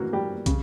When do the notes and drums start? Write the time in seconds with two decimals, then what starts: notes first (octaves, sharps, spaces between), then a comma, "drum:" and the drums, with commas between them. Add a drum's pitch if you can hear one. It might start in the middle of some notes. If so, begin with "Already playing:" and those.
Already playing: E3 F#3 A#3 C#4 F#4
0.13 G3 G4
0.46 C#3, drum: kick, hi-hat